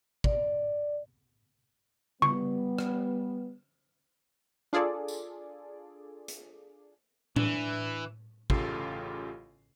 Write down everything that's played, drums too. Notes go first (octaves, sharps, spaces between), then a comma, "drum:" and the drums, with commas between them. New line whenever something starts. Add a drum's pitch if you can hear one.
D5, drum: kick
G3 B3 C#6, drum: tom C#3
drum: rim click
D4 F4 G#4 A4 D5
drum: tambourine
drum: hi-hat
E3 D4, drum: tom A2
A1 C#3 F4 G4 A4 C7, drum: kick